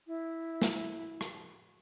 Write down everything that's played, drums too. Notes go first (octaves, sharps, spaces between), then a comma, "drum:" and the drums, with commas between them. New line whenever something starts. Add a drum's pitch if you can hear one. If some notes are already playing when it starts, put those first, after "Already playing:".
E4
drum: snare
drum: rim click